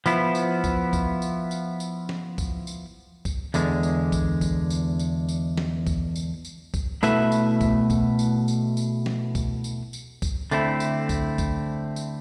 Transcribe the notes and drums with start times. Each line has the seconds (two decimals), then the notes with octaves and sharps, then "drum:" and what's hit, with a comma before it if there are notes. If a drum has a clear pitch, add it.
0.06 F3 B3 E4, drum: tambourine
0.35 drum: tambourine
0.64 drum: kick C2, tambourine
0.93 drum: kick C2, tambourine
1.22 drum: tambourine
1.51 drum: tambourine
1.80 drum: tambourine
2.09 drum: snare
2.38 drum: kick C2, tambourine
2.67 drum: tambourine
3.25 drum: kick C2, tambourine
3.54 E2 D3 G#3, drum: tambourine
3.83 drum: tambourine
4.12 drum: kick C2, tambourine
4.41 drum: kick C2, tambourine
4.70 drum: tambourine
4.99 drum: tambourine
5.28 drum: tambourine
5.58 drum: snare
5.87 drum: kick C2, tambourine
6.16 drum: tambourine
6.45 drum: tambourine
6.74 drum: kick C2, tambourine
7.03 B2 A3 E4 B4 E5, drum: tambourine
7.32 drum: tambourine
7.61 drum: kick C2, tambourine
7.90 drum: kick C2, tambourine
8.19 drum: tambourine
8.48 drum: tambourine
8.77 drum: tambourine
9.06 drum: snare
9.35 drum: kick C2, tambourine
9.64 drum: tambourine
9.93 drum: tambourine
10.22 drum: kick C2, tambourine
10.51 D3 A3 C4 E4, drum: tambourine
10.80 drum: tambourine
11.09 drum: kick C2, tambourine
11.38 drum: kick C2, tambourine
11.96 drum: tambourine